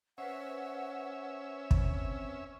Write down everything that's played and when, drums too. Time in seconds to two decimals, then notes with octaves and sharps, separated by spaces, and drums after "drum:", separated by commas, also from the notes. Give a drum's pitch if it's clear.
0.18 C#4 B4 C5 E5 F#5
1.71 drum: kick
1.89 C4